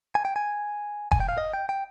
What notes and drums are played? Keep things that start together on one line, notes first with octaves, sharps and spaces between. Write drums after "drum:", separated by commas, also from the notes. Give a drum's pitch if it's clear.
G#5
G5
G#5
G#5, drum: kick F1
G5
F5
D#5
G5
G5